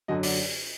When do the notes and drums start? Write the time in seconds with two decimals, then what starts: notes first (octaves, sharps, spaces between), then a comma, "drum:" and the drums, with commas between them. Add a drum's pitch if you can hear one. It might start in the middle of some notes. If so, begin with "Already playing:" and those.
0.08 F#2 D3 F#3 D#5
0.23 D5, drum: open hi-hat